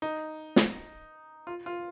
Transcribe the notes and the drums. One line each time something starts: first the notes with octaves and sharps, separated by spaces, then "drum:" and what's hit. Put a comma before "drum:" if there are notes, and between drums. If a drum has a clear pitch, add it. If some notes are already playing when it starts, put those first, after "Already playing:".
D#4
drum: snare
F4
F4